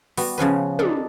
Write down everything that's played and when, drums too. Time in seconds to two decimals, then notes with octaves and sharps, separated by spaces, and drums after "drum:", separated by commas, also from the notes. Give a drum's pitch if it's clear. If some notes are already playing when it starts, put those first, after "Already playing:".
0.17 G3 B3 F#4, drum: open hi-hat
0.38 C#3 F3 C#4 B4
0.79 D4 D#4 A4, drum: tom